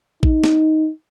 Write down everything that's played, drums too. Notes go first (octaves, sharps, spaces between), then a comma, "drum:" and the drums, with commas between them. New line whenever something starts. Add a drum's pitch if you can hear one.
D#4, drum: kick A1
drum: snare